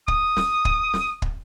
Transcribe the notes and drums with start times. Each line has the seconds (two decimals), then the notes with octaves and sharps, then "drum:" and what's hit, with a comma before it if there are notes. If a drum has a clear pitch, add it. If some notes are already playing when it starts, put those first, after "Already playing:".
0.08 D#6, drum: kick
0.36 drum: snare
0.65 drum: kick
0.94 drum: snare
1.22 drum: kick